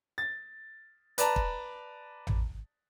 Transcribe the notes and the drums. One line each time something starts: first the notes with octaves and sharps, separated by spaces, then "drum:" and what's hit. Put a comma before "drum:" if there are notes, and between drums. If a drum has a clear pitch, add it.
A6
B4 D5 A5 A#5, drum: hi-hat
drum: kick
drum: tom A1